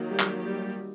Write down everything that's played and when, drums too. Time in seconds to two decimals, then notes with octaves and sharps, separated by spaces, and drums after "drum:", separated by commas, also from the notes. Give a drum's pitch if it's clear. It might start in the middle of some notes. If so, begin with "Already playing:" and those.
Already playing: D#3 F#3 A#3
0.09 G3 G4
0.20 drum: clap
0.41 G3 G4